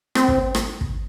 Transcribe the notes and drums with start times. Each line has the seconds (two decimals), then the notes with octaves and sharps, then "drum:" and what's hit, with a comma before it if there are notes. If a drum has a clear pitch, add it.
0.15 C4, drum: rim click
0.28 drum: kick
0.55 drum: rim click
0.81 drum: kick